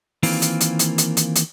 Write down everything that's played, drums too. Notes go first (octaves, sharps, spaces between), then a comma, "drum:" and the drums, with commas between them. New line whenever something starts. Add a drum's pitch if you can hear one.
D#3 E3 A#3 C4 F4, drum: open hi-hat
drum: hi-hat
drum: hi-hat
drum: hi-hat
drum: hi-hat
drum: hi-hat
drum: hi-hat